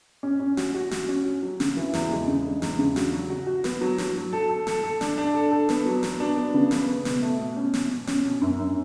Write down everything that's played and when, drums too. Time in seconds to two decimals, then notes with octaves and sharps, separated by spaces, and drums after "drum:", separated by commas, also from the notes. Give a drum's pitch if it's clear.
0.23 C#4
0.40 C#4
0.57 F#4, drum: snare
0.74 F#4
0.91 F#4, drum: snare
1.08 C#4
1.25 F#4
1.43 F#3
1.60 C#3, drum: snare
1.77 E3
1.93 E2, drum: snare
2.11 G#3
2.28 C#3
2.45 G#3
2.62 E2, drum: snare
2.79 C#3
2.96 F#4, drum: snare
3.13 F#3
3.30 F#4
3.47 F#4
3.64 B3, drum: snare
3.81 F#3
3.98 F#3, drum: snare
4.15 F#3
4.33 A4
4.50 A4
4.67 A4, drum: snare
4.84 A4
5.01 D4, drum: snare
5.18 D4
5.34 A4
5.52 A4
5.69 B3, drum: snare
5.86 F#3
6.03 B3, drum: snare
6.20 D4
6.37 B3
6.54 C#3
6.71 B3, drum: snare
6.88 B3
7.05 B2, drum: snare
7.22 A3
7.39 B2
7.57 C#4
7.74 B2, drum: snare
7.90 B2
8.07 C#4, drum: snare
8.25 B2
8.42 F#2
8.59 F#2